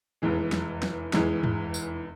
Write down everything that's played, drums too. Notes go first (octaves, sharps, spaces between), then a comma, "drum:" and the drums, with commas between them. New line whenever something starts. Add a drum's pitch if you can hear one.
F1 E2 E3 G#3
drum: snare
drum: snare
F1 E2 E3 G#3, drum: snare
drum: tom
drum: tambourine